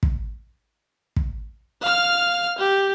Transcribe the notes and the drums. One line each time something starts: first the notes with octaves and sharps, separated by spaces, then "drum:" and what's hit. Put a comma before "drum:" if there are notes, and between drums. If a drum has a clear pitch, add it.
drum: kick
drum: kick
F5 F6
G4